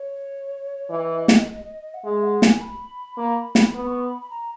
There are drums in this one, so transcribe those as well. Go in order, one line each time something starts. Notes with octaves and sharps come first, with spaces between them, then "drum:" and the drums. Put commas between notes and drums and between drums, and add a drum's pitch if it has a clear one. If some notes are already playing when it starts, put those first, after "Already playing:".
Already playing: C#5
E3 D#5
drum: snare
F#5
G#3 E5
F#5
G#5, drum: snare
B5
A#3
drum: snare
B3 B5
C#6
B5
B5
A#5